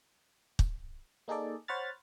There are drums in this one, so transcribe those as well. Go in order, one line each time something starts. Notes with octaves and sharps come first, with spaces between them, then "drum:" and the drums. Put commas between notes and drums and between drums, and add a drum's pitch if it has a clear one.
drum: kick
A#3 D#4 G#4 A4 D5
C5 C#5 F#5 B5 F6 A6